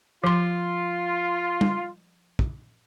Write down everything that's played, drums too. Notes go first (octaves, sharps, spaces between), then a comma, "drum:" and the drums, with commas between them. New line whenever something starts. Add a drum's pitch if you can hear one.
F3 F4 C6
drum: tom
drum: kick